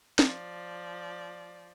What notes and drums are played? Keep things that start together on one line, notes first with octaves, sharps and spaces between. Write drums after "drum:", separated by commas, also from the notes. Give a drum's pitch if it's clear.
F3 D5, drum: snare